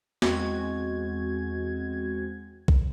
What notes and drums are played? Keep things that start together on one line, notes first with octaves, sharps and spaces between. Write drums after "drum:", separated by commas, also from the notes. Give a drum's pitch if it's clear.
E2 G#3 C4 F#4 G#6, drum: snare
drum: kick B1